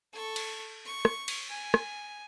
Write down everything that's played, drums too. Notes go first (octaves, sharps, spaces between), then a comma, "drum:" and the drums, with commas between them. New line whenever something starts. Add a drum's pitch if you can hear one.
A4 C#6
drum: cymbal
C#6
drum: rim click
drum: cymbal
G#5
drum: rim click